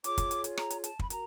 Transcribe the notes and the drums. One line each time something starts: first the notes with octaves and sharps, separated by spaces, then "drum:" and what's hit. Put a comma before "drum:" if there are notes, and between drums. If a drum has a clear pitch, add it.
F4 G#4 C#5 D6, drum: hi-hat
drum: kick, hi-hat
drum: hi-hat
drum: hi-hat
A#5, drum: rim click
drum: hi-hat
A5, drum: hi-hat
B5, drum: kick
F#4 A#4 A#5, drum: hi-hat